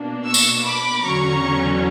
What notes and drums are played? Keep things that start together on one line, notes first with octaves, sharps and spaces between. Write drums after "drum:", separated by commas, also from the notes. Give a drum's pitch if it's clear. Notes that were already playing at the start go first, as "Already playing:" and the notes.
Already playing: B2 A#3 D4
C#6 E6
drum: tambourine
B5 D6
E2 D3 F#3 C#4 A#5 C#6